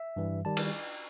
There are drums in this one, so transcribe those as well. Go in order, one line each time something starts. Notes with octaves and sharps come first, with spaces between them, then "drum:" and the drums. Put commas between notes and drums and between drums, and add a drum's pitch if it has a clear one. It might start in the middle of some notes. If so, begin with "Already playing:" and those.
Already playing: E5
G2 E3 G3
D#3 G3 A5
drum: cymbal